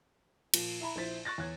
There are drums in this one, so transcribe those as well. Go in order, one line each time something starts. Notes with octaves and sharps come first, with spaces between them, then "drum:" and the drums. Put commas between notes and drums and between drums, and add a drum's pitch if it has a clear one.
A#2 F3, drum: cymbal
E4 E5 A#5 B5
A#1 E4 C5 A6 B6
C#6 F#6 A6 A#6
E2 C#5 F#6 G#6